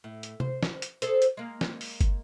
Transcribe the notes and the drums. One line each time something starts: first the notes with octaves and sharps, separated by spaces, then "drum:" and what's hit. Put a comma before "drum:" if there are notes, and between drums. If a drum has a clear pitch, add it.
A2
drum: hi-hat
C5, drum: tom C3
drum: snare
drum: hi-hat
G#4 A4 C5, drum: hi-hat
drum: hi-hat
G#3 A#3
drum: snare
drum: open hi-hat
drum: kick, hi-hat